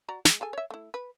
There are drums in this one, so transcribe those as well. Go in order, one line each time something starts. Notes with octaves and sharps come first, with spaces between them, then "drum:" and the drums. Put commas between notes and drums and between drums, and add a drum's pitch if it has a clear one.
F#4 D5 A#5
G#3, drum: snare
G#4 A4 G#5
C#5 E5
A3 E4
B4